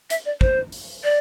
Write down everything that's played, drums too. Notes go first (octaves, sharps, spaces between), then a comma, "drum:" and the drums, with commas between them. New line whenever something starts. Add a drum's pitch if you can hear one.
E5, drum: hi-hat
D5
C5, drum: kick
drum: open hi-hat
D5